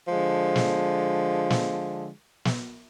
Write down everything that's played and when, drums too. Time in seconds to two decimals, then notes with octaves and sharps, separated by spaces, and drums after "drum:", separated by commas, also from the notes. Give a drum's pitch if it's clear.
0.08 D3 F3 G#3
0.56 drum: snare
1.50 drum: snare
2.45 drum: snare